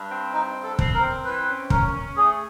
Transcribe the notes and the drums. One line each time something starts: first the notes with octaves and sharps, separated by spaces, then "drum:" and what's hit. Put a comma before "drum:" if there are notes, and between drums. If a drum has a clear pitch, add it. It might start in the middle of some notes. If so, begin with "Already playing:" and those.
Already playing: G2
C4
G2 D#4
G2
A4
C4, drum: kick
A#4
C4
E3 B4
C#4
C#4 A#4, drum: kick
C#4
A3 G#4